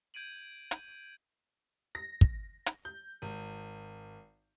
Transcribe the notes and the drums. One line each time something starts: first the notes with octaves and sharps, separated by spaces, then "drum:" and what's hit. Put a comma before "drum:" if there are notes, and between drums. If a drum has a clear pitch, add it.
G6 G#6 D7 D#7 F#7
drum: hi-hat
A#6
drum: kick
drum: hi-hat
G6
G#1